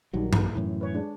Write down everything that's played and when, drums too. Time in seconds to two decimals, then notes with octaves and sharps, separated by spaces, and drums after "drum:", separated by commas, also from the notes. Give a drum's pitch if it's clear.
0.13 A#1 D#3 F#3 G3
0.33 drum: tom G2
0.55 F#2 A2 E3
0.81 B4 C#5
0.94 G#3 D4